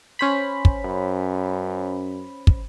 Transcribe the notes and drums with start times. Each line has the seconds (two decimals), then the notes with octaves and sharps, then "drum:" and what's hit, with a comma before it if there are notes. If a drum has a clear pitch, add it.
0.19 C#4 C5 B5
0.65 drum: kick
0.85 F#2
2.47 drum: kick